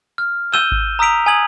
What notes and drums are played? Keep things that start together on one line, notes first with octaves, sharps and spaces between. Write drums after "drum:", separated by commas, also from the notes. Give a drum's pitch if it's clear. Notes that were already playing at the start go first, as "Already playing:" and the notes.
F6
E6 G6 D#7 E7 G7, drum: clap
drum: kick G#1
A#5 D#6 E6 B6 D7 F7
G#5 A#5 D#6 G#6 F#7